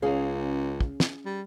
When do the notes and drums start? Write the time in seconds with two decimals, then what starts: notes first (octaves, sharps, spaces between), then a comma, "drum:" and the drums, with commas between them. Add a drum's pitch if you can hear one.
0.02 C#2 C#4 G#4 F5
0.80 drum: kick
1.00 drum: snare
1.25 G3